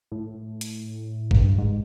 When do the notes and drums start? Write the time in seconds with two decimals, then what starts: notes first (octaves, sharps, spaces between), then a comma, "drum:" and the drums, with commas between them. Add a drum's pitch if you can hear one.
0.12 A2
0.61 drum: hi-hat
1.31 G#2, drum: kick G1
1.37 G2
1.58 G#2